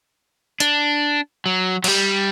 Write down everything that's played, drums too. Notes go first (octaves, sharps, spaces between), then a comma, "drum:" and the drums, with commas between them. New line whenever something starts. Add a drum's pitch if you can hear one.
D4, drum: hi-hat
F#3
F#3, drum: cymbal
G3